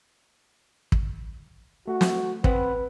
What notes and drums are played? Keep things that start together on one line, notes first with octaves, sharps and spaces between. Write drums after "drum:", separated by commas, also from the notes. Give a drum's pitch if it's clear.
drum: kick
A3 F#4
drum: snare
C4 B4 F#5 B5, drum: kick